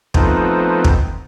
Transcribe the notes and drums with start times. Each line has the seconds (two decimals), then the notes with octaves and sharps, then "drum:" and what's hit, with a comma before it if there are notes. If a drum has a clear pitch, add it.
0.14 F3 A3 B3 C4 D#4, drum: kick
0.84 drum: kick